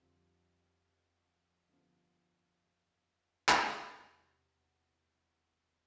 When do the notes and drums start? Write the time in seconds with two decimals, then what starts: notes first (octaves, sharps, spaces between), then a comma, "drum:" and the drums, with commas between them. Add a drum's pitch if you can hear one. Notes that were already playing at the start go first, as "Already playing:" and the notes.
Already playing: F2 D3 G3 C4 F4
1.69 G2 D3 F3 B3 F4
3.49 E2 C3 G3, drum: clap